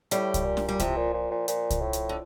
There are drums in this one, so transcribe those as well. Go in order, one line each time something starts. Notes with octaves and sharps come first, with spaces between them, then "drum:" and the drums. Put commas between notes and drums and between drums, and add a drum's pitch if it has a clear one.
A2 G3, drum: hi-hat
drum: kick C2, hi-hat
A#2
drum: snare
G3
C3 F3, drum: kick C2, hi-hat
A#2
A#2
A#2
A#2, drum: hi-hat
drum: kick C2, hi-hat
A2
drum: hi-hat
D3